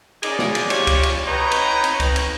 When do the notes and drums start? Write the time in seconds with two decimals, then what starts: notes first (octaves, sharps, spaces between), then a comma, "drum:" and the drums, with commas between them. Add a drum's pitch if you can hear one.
0.23 C#4 D#4 G#4 D5, drum: cymbal
0.39 drum: snare
0.55 drum: cymbal
0.70 F4 G4 C#5 D5, drum: cymbal
0.87 drum: kick C#2, cymbal
1.03 drum: cymbal
1.26 B4 C#5 D#5 G5 A#5
1.52 drum: cymbal
1.84 drum: cymbal
2.00 drum: kick C#2, cymbal
2.16 drum: cymbal